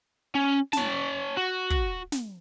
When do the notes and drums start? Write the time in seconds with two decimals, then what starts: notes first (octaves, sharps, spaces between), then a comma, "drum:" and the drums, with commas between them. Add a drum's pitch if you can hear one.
0.35 C#4
0.73 C#4 A5, drum: snare
1.37 F#4
1.70 drum: kick
2.12 drum: snare